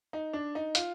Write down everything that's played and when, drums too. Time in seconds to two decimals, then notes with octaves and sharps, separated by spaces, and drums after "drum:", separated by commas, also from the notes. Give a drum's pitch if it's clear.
0.13 D#4
0.33 D4
0.55 D#4
0.75 F4, drum: hi-hat